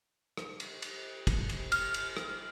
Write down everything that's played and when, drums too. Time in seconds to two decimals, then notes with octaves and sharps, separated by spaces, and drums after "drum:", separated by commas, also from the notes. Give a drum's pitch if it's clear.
0.37 drum: rim click
0.60 drum: cymbal
0.82 drum: cymbal
1.27 drum: kick, cymbal
1.49 drum: cymbal
1.72 F6, drum: cymbal
1.94 drum: cymbal
2.17 drum: rim click